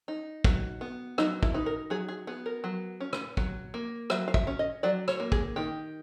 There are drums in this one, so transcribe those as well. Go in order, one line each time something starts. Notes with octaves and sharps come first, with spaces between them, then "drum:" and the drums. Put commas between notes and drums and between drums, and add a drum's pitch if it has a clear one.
D#4
F#3, drum: kick
B3
F#3 D#4, drum: rim click
E4, drum: kick
D#4 B4
A#4
F#3 G#4
G#4
B3 G#4
A#4
F#3
C#4
drum: rim click
F#3, drum: kick
A#3
F#3 E5, drum: rim click
F5
E5, drum: kick
C#4
D#5
F#3 D5
C#5, drum: rim click
A#3
G#4, drum: kick
D#3 G4